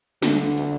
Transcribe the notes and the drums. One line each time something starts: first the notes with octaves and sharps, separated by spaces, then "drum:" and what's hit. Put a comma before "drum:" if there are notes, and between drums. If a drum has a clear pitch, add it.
D3, drum: snare
drum: hi-hat
drum: hi-hat